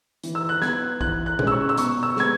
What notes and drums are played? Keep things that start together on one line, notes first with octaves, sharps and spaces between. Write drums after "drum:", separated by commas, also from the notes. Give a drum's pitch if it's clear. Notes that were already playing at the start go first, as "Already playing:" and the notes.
E3, drum: hi-hat
E6
F#6
B3 G#6, drum: snare
E3 F#6, drum: kick
F#6
G#3 C#4, drum: tom
E6
C#6
E6
B2 C#6, drum: hi-hat
E6
G#3 B3 G#6, drum: snare